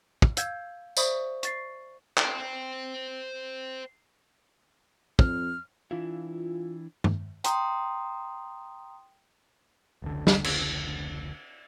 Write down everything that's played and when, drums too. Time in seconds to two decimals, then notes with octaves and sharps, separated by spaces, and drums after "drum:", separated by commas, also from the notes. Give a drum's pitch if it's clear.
0.22 drum: kick
0.37 F5 E6 G6 G#6, drum: hi-hat
0.97 C5 D5 E5 B5 C#6 D#6, drum: tambourine
1.43 C#6 A6 C7, drum: hi-hat
2.17 C5 G5, drum: clap
5.19 F2 F6, drum: kick
5.91 E3 D4 E4 F4
7.04 drum: tom G2
7.44 G5 A#5 C6 D#6, drum: hi-hat
10.02 F1 C#2 D3
10.27 drum: snare
10.44 drum: cymbal